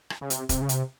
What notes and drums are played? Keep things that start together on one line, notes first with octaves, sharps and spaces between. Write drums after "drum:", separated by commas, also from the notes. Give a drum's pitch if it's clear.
drum: rim click
C#3
C3, drum: hi-hat
C3, drum: kick E1, hi-hat
C#3
C3, drum: hi-hat